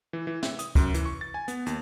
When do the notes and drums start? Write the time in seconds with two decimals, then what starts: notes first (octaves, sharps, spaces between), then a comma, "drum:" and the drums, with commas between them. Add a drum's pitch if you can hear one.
0.13 E3
0.27 E3
0.43 E5, drum: snare
0.59 D#6, drum: hi-hat
0.75 F#2, drum: kick, hi-hat
0.94 E3, drum: hi-hat
1.05 C#6
1.21 A6
1.34 G#5
1.48 B3, drum: hi-hat
1.66 D#2, drum: hi-hat